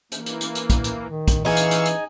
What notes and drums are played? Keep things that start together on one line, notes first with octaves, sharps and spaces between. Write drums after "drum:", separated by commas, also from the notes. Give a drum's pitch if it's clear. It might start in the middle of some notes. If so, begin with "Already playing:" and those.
E3 A#3, drum: hi-hat
drum: hi-hat
drum: hi-hat
drum: hi-hat
drum: kick, hi-hat
drum: hi-hat
D#3
drum: kick, hi-hat
E3 D#4 G#4 F5 C#6 E6, drum: open hi-hat
drum: hi-hat
drum: hi-hat
drum: hi-hat